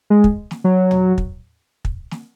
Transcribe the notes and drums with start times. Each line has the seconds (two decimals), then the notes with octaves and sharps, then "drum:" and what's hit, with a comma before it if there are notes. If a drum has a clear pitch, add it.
0.10 G#3
0.24 drum: kick
0.51 drum: snare
0.64 F#3
0.91 drum: tom
1.18 drum: kick
1.85 drum: kick
2.11 drum: snare